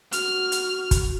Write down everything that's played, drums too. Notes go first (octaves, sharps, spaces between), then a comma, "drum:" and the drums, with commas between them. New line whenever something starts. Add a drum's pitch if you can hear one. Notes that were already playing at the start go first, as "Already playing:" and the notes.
F#4 F6, drum: hi-hat
drum: hi-hat
drum: kick, hi-hat